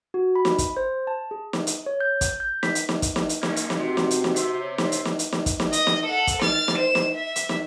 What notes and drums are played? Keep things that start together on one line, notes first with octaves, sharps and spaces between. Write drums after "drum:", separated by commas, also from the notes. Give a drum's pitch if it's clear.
F#4
B5
drum: snare
drum: kick, hi-hat
C5
A5
G#4
drum: snare
drum: hi-hat
C#5
G6
drum: kick, hi-hat
G6
B6, drum: snare
drum: hi-hat
drum: snare
drum: kick, hi-hat
drum: snare
drum: hi-hat
A#3 C#4, drum: snare
drum: hi-hat
drum: snare
C3 F#4
drum: snare
drum: hi-hat
drum: snare
C5 E5, drum: hi-hat
C#5
drum: snare
drum: hi-hat
drum: snare
drum: hi-hat
drum: snare
drum: kick, hi-hat
drum: snare
D#5, drum: hi-hat
drum: snare
A4 F#5
drum: kick, hi-hat
F6 A6, drum: snare
drum: snare
C5 E7
drum: snare
E5
drum: hi-hat
drum: snare